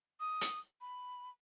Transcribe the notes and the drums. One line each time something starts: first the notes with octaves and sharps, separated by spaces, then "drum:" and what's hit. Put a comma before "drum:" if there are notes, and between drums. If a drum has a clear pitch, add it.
D#6
drum: hi-hat
B5